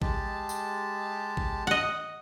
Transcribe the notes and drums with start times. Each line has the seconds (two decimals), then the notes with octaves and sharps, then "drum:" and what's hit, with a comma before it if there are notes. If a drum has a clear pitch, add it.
0.02 G#3 G4 A5, drum: kick A1
0.49 drum: tambourine
1.37 drum: kick A1
1.67 D#5 F#5